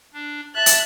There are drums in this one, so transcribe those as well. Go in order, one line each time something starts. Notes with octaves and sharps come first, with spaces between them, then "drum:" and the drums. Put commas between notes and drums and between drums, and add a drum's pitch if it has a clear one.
D4
E5 A5 F#6 A6
drum: hi-hat